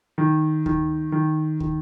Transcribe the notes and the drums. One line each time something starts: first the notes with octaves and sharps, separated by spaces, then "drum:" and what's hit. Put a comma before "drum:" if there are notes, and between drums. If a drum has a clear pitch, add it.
D#3
D#3, drum: kick
D#3
D#3, drum: kick